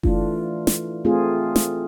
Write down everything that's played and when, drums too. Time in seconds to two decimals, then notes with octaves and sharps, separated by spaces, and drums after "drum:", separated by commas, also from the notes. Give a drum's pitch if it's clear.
0.03 E3 A3 D4 F4, drum: kick F#1
0.67 drum: snare
1.05 A3 C4 F4 G#4
1.56 drum: snare